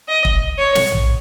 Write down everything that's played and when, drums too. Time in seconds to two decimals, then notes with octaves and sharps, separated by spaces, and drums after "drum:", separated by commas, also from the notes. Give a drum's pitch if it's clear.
0.08 D#5
0.25 drum: kick
0.58 C#5
0.75 drum: snare
0.92 drum: tom A#1